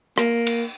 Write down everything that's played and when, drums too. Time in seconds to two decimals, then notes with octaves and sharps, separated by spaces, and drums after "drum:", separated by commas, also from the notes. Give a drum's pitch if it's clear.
0.18 A#3, drum: rim click
0.47 drum: cymbal